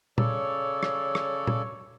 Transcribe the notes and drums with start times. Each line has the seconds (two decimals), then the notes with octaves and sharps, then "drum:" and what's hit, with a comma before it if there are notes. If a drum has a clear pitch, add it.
0.18 C#3 A4 C#5 D5, drum: tom A#2
0.83 drum: rim click
1.15 drum: rim click
1.47 drum: tom A#2